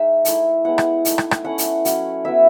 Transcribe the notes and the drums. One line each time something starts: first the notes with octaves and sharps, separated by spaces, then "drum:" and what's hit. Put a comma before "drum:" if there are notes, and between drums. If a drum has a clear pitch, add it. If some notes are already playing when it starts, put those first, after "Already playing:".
Already playing: G#3 D#4 E5
A3 E4, drum: hi-hat
G#3 B3 E4 F#5
drum: rim click
A3 D#4, drum: hi-hat
drum: rim click
drum: rim click
A3 C#4 E4 F#5
drum: hi-hat
F#3 C#4 E4, drum: hi-hat
F#3 B3 E4 E5